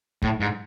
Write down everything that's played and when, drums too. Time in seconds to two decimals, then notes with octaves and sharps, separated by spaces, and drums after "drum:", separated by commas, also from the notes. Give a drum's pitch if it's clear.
0.23 A2, drum: kick
0.40 G#2